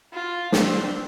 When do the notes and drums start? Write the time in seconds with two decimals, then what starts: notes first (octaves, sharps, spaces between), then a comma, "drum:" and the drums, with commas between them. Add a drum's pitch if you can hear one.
0.13 F4
0.52 C4 D4, drum: snare